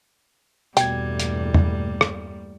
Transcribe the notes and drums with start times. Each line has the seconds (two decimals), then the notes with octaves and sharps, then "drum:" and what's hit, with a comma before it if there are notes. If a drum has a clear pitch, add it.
0.77 E2 G2 B2 G3 A3 A#3 G5 G#6, drum: hi-hat
1.20 drum: hi-hat
1.54 drum: tom
2.01 drum: rim click